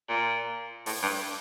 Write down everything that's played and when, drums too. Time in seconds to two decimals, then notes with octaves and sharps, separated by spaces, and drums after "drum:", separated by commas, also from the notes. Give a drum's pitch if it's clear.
0.09 A#2
0.86 A2, drum: open hi-hat
1.03 G2